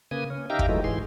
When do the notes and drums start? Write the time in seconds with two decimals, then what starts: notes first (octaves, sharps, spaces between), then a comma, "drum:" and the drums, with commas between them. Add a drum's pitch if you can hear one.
0.11 C#3 A#3 B4 G#5 D#6
0.30 C#4
0.50 D#4 G4 E5 F5 G5 A#5
0.59 drum: kick
0.69 E3 F#3 G#3 A3 D#4
0.84 G#2 E3 G#4 C6